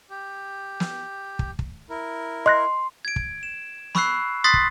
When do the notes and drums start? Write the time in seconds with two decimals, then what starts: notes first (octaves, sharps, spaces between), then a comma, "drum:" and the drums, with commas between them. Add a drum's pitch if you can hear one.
0.10 G4
0.80 drum: snare
1.39 drum: kick
1.59 drum: kick
1.90 E4 A#4
2.46 D#5 C6 F#6 A#6
3.05 G#6 D7
3.16 drum: kick
3.43 E7
3.95 B5 C#6 E6 F#6 C7, drum: snare
4.44 C6 D#6 F#6 A6 B6 C7
4.54 drum: kick